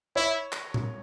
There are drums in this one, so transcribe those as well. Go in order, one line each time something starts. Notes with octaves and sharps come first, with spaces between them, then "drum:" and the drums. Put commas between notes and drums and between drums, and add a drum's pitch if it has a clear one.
E4 C#5
drum: clap
drum: tom A#2